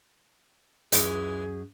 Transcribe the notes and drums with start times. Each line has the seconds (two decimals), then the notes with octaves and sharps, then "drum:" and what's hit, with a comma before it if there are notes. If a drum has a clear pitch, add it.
0.92 C#2 F#2 E3 G#3 G#4, drum: hi-hat